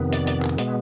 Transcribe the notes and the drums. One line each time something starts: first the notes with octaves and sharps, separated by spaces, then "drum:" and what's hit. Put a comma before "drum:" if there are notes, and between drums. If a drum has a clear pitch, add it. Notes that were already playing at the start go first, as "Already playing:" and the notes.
Already playing: F2 C3 D#3 B3
D5, drum: hi-hat
drum: hi-hat
drum: clap
B2 G#3 B3, drum: hi-hat